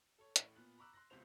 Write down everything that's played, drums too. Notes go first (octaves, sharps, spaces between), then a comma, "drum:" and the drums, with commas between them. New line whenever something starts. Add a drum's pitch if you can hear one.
A4 C#5
A1 A2, drum: hi-hat
A#2 B3 F#6
A#5 B5 C#6 D6 E6 F#6
C6 F#6 A#6
D#1 C#2 C3 B3 C5 F7